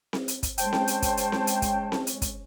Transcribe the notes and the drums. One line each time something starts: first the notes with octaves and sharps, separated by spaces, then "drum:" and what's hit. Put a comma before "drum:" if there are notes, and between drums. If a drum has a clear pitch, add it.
drum: snare C4
drum: hi-hat
drum: kick, hi-hat
G#3 C#4 C5 G5 A5, drum: hi-hat
drum: snare C4
drum: hi-hat
drum: kick, hi-hat
drum: hi-hat
drum: snare C4
drum: hi-hat
drum: kick, hi-hat
drum: snare C4
drum: hi-hat
drum: kick, hi-hat